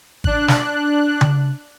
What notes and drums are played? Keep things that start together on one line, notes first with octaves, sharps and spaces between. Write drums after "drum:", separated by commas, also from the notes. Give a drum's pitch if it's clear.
D4 F#6, drum: kick G#1
drum: snare
drum: tom C#3